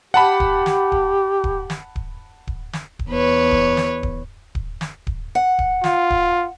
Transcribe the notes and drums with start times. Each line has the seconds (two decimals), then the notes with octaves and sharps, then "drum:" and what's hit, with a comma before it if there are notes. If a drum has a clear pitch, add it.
0.14 G4 F#5 A5 B5
0.40 drum: kick D1
0.66 drum: snare
0.92 drum: kick D1
1.44 drum: kick D1
1.70 drum: snare
1.96 drum: kick D1
2.47 drum: kick D1
2.73 drum: snare
2.99 drum: kick D1
3.09 E2 B4 C#5
3.51 drum: kick D1
3.77 drum: snare
4.03 drum: kick D1
4.55 drum: kick D1
4.81 drum: snare
5.07 drum: kick D1
5.35 F#5
5.59 drum: kick D1
5.84 F4, drum: snare
6.10 drum: kick D1